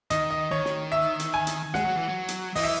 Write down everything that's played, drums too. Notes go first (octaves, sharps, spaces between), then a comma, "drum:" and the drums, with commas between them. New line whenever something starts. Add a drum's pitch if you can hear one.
D#3 D#5, drum: hi-hat
D#5
D#3 C#5
drum: snare
E5
drum: hi-hat
G#5
drum: hi-hat
G#3 F#5, drum: snare
F#3
E3
F#3
drum: hi-hat
E3 D#5, drum: open hi-hat
E5